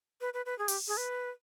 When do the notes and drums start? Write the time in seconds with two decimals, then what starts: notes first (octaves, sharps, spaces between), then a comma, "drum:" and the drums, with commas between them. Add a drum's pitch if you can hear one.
0.21 B4
0.34 B4
0.46 B4
0.59 G#4
0.68 G4, drum: open hi-hat
0.88 G#4
0.97 B4